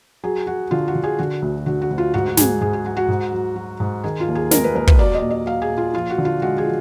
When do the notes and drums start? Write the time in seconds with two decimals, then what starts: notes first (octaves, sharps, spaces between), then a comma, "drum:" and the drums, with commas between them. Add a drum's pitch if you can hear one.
0.24 F#3 G#4
0.47 F#3 F#4
0.71 D3 F4
0.88 F#4
0.95 D3
1.04 G#4
1.19 D3 F#4
1.42 D2
1.66 D3 F#4
1.82 F#4
1.90 D2
1.98 F4
2.14 G#2 F#4
2.28 F#4
2.37 G#2 G#4, drum: snare
2.61 G#2 G#4
2.73 G#4
2.85 F#3 F#4
2.97 F#4
3.08 G#2
3.32 F#3
3.56 F#3
3.80 G#2
4.04 D#3 G#4
4.20 F4
4.28 D#2
4.35 G#4
4.51 G#3 A#4, drum: snare
4.64 B4
4.75 D#2 A#4
4.87 B4, drum: kick
4.99 F#3 D5
5.15 D#5
5.22 A#2
5.30 D#5
5.46 F#3 F5
5.62 G#4
5.70 A#2
5.78 F4
5.93 F3 F4
6.10 F#4
6.18 D3
6.25 F4
6.42 G#3 F#4
6.58 G#4
6.65 F3